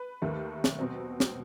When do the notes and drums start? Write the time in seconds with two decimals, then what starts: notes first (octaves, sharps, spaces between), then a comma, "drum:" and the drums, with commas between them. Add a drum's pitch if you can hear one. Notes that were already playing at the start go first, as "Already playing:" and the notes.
Already playing: B4
0.22 D#2 D#3 A3
0.64 drum: snare
0.79 B2 F#3 C4
1.20 drum: snare